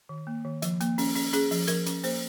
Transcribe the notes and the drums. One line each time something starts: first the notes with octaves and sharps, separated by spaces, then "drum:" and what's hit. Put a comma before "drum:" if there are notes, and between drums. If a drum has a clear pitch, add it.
D#3
A#3
D#3
F3, drum: hi-hat
A#3, drum: hi-hat
C#4, drum: open hi-hat
C#4, drum: open hi-hat
C#4 G#4, drum: hi-hat
F3, drum: open hi-hat
F3 A#4, drum: hi-hat
C#4, drum: hi-hat
A#3 C5, drum: open hi-hat